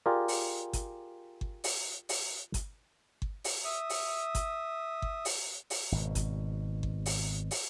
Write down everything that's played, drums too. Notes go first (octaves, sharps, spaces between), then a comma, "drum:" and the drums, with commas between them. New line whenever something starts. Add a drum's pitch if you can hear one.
F4 G4 G#4 A#4 D5
drum: open hi-hat
drum: kick G1, hi-hat
drum: kick G1
drum: open hi-hat
drum: open hi-hat
drum: kick G1, hi-hat
drum: kick G1
drum: open hi-hat
E5 D#6
drum: open hi-hat
drum: kick G1, hi-hat
drum: kick G1
drum: open hi-hat
drum: open hi-hat
G#1 B2
drum: kick G1, hi-hat
drum: kick G1
drum: open hi-hat
drum: open hi-hat